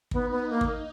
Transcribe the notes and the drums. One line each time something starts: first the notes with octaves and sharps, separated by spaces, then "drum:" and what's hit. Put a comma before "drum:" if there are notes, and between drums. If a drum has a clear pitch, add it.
B3 D#4, drum: kick
B3
A#3
drum: kick